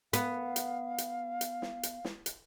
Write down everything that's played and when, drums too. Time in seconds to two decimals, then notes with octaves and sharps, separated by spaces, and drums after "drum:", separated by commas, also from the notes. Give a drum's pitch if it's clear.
0.13 B3 F5, drum: hi-hat
0.56 drum: hi-hat
0.98 drum: hi-hat
1.41 drum: hi-hat
1.62 drum: snare
1.83 drum: hi-hat
2.05 drum: snare
2.26 drum: hi-hat